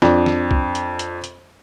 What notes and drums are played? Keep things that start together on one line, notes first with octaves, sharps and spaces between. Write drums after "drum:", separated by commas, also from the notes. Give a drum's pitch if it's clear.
F2 D4, drum: snare
drum: snare
drum: kick C2
drum: hi-hat
drum: hi-hat
drum: hi-hat